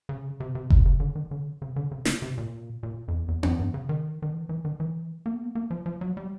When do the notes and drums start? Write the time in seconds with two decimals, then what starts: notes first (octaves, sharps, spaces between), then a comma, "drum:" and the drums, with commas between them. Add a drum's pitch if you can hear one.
0.09 C#3
0.40 C3
0.55 C3
0.70 C3, drum: kick F1
0.86 C#3
1.00 D3
1.15 D#3
1.31 D3
1.62 C#3
1.76 D3
1.91 C#3
2.05 drum: snare
2.22 C3
2.38 A#2
2.83 A#2
3.08 F2
3.13 E2
3.28 E2
3.43 F2, drum: tom B3
3.59 G2
3.74 C#3
3.89 D#3
4.22 D#3
4.34 E3
4.49 E3
4.65 D#3
4.80 E3
5.26 A#3
5.35 B3
5.45 A#3
5.55 A#3
5.71 F3
5.86 F3
6.01 F#3
6.17 G3